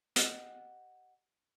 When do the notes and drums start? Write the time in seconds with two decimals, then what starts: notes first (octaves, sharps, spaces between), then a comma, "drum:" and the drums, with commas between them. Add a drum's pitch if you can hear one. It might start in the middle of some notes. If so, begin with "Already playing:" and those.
0.16 G4 D#5 F#5, drum: hi-hat